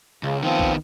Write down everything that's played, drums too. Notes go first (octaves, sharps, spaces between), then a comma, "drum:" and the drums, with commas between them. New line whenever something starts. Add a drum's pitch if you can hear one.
C#2 C#3
D#3 F3 B3 C4
drum: kick A#1